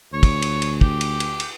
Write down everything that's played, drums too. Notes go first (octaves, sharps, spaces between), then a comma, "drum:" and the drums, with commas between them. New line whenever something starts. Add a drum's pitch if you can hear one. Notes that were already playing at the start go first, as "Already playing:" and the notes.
D2 C#5
drum: kick, cymbal
drum: cymbal
drum: cymbal
G4, drum: kick
drum: cymbal
drum: cymbal
drum: cymbal